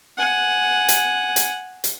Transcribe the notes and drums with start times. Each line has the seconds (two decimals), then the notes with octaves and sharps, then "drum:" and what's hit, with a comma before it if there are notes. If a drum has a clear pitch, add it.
0.17 F#5 G#5
0.88 drum: hi-hat
1.36 drum: hi-hat
1.84 drum: hi-hat